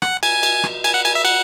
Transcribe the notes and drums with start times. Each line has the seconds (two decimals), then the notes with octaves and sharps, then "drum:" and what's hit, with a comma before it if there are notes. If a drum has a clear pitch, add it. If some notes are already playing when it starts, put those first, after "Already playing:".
0.02 F#5, drum: rim click
0.23 G#5, drum: cymbal
0.43 drum: cymbal
0.64 drum: rim click
0.84 G#5, drum: cymbal
0.94 F#5
1.05 G#5, drum: cymbal
1.15 E5
1.25 F#5, drum: cymbal